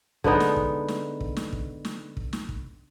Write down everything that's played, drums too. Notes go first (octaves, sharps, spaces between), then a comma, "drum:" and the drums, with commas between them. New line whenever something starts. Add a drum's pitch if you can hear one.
D3 G#3 B3 D#4, drum: kick
drum: snare
drum: kick
drum: snare
drum: kick
drum: snare
drum: kick
drum: snare
drum: kick
drum: snare
drum: kick